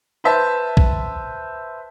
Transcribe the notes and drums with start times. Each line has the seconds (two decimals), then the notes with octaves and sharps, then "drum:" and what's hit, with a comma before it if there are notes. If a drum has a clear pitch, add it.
0.24 B4 C5 E5 A5
0.77 drum: kick A#1